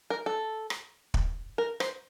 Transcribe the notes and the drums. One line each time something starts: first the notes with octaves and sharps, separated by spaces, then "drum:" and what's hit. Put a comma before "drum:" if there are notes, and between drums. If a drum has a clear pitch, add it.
A#4
A4
drum: rim click
drum: kick
A#4
C5, drum: rim click